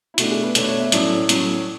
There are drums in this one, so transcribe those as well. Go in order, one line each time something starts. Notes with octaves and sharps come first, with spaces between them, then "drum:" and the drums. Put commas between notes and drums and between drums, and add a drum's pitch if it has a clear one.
E4
B2 A3 D4 F#4, drum: hi-hat
G#4
B4
B2 A3 D4 C#5, drum: hi-hat
C#5
E5
A2 F#3 C#4 D5, drum: hi-hat
A2 F#3 C#4, drum: hi-hat